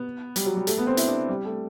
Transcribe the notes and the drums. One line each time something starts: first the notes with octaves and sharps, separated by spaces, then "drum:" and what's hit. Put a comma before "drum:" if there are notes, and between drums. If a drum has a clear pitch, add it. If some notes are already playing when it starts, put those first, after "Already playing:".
Already playing: B3
G3, drum: hi-hat
F#3
G3
A3, drum: hi-hat
B3
C4
E4, drum: hi-hat
D4
G3
A3